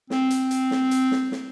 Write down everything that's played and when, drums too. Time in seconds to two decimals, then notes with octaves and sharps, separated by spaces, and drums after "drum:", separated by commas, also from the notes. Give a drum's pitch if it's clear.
0.10 C4, drum: snare
0.30 drum: hi-hat
0.51 drum: hi-hat
0.71 drum: snare
0.91 drum: hi-hat
1.11 drum: snare
1.32 drum: snare